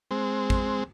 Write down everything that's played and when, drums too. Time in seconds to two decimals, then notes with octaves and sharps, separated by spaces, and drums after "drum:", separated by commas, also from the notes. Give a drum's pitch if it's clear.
0.11 G#3 C4
0.50 drum: kick